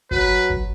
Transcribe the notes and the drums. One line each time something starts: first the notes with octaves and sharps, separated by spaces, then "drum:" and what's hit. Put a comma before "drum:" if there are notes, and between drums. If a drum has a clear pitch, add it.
F#3 B4, drum: kick G1
drum: kick G1